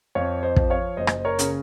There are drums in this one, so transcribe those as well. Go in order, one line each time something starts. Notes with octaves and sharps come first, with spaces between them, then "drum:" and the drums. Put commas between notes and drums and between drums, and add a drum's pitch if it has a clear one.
F2 C#5 F5
C5 D#5
F3, drum: kick
C#5 F5
F#1 C5 D#5
drum: rim click
A#4 C#5
C#3, drum: hi-hat